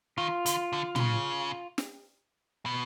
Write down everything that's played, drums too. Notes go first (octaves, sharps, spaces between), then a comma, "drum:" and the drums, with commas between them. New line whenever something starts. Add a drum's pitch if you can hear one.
D#3 F4
D3, drum: hi-hat
D3
D3, drum: tom
C#3
drum: snare
B2